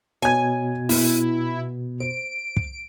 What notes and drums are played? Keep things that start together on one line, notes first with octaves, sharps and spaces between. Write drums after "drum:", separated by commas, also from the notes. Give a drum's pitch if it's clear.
B2 C#5 G#5 G#6
B3 E4, drum: open hi-hat
C5 D7
drum: kick